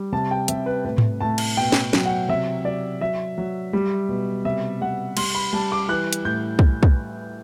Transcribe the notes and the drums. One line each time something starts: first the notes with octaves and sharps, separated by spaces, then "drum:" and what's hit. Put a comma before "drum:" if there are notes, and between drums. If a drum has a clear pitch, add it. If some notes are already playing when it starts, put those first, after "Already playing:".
Already playing: G3
C3 A5
G5
C3 E5, drum: hi-hat
B4
A2 B4
drum: tom G#2
A2 A5
drum: cymbal
B2 G5
drum: snare
F#3, drum: snare
F#5
C3 E5
F#3 D5
F#3 E5
F#3
G3
B2
C3 E5
G3 F#5
G3 C6, drum: cymbal
B5
G3 A5
D6
E3 F#6
drum: hi-hat
A2 G6
drum: kick
drum: kick